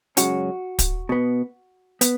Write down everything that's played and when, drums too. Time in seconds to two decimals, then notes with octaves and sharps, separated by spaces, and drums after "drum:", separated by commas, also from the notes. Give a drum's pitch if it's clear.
0.17 F#2 C#3 G#3 C#4 F#4, drum: hi-hat
0.79 drum: kick, hi-hat
1.09 B2 B3
2.01 B3, drum: hi-hat